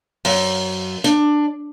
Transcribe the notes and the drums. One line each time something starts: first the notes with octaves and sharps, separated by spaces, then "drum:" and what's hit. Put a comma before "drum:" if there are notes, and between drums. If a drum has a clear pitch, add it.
F#2, drum: open hi-hat
D4, drum: hi-hat